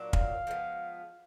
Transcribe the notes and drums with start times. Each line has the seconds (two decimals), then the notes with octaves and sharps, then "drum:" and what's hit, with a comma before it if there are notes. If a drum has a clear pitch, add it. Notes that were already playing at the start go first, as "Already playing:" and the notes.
Already playing: A#2 F#3 A#3 D4
0.13 F5, drum: kick
0.47 F3 G#3 B3